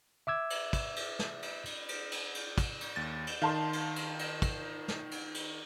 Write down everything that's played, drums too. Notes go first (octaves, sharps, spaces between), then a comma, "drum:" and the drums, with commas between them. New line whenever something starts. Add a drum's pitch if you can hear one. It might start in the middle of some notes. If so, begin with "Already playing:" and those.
E5 D6 E6 G#6
drum: cymbal
drum: kick, cymbal
drum: cymbal
drum: snare
drum: cymbal
drum: cymbal
drum: cymbal
drum: cymbal
drum: cymbal
drum: kick, cymbal
drum: cymbal
D#2 A6
drum: cymbal
D#3 F5 A5 C6
drum: cymbal
drum: cymbal
drum: cymbal
drum: kick, cymbal
drum: snare
drum: cymbal
drum: cymbal